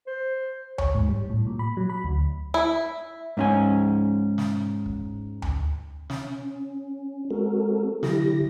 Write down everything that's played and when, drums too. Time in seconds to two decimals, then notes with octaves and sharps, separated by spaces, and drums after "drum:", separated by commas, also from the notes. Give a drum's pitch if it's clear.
0.07 C5
0.78 C#5, drum: tom D2
0.95 G#2, drum: kick
1.09 G3
1.30 A2
1.47 A#2
1.59 B5
1.77 F#3
1.90 B5
2.04 D2
2.54 E4
3.37 G#2 C#4 G#5
4.38 drum: snare
4.86 drum: kick
5.42 drum: tom D2
6.10 C#4, drum: snare
7.31 G#3 C4 F#4 A4 A#4
8.03 D3 F#3 E4 G4 A#6, drum: snare